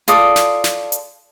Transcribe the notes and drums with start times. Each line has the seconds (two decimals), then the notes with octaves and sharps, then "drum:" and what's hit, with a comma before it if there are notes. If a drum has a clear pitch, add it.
0.08 F4 A4 D5 D#6, drum: hi-hat
0.36 drum: snare
0.64 drum: snare
0.92 drum: hi-hat